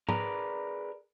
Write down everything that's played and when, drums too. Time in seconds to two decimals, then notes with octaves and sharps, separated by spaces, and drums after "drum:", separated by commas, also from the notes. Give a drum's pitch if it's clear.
0.09 G#4 A#4 B4 D5 A#5, drum: tom